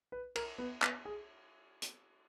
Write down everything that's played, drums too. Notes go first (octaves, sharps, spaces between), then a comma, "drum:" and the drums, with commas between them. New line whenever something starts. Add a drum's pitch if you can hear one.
B4
A#4, drum: cymbal
B3
B3, drum: clap
G#4
drum: hi-hat